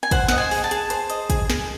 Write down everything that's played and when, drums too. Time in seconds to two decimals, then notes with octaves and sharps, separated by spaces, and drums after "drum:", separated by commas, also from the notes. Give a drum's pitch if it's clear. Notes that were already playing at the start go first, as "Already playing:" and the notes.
0.03 G#5
0.11 C5 F#5, drum: kick, hi-hat
0.28 D#5 F#5, drum: snare
0.38 G#5
0.51 G#4, drum: open hi-hat
0.64 A5
0.71 G#4, drum: hi-hat
0.90 C5, drum: hi-hat
1.10 D#5, drum: hi-hat
1.30 G#4, drum: kick, hi-hat
1.50 G#4, drum: snare